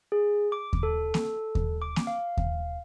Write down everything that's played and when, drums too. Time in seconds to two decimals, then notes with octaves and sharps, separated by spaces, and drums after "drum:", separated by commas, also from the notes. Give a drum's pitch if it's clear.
0.12 G#4
0.52 D6
0.73 drum: kick D#2
0.83 A4
1.14 drum: snare A#3
1.55 drum: kick D#2
1.82 D6
1.96 drum: snare A#3
2.07 F5
2.37 drum: kick D#2